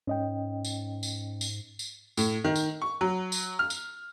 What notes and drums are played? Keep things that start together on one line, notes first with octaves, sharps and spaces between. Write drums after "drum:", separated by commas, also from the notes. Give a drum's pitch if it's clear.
G#2 C#4 D#5 G5
drum: tambourine
drum: tambourine
drum: tambourine
drum: tambourine
A2, drum: tambourine
D#3
drum: tambourine
C#6
F#3
drum: tambourine
F6
drum: tambourine